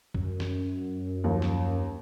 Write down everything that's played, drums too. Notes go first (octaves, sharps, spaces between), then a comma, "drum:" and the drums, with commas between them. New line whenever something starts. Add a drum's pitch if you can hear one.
F#2, drum: kick
drum: snare
D#2 F3
drum: snare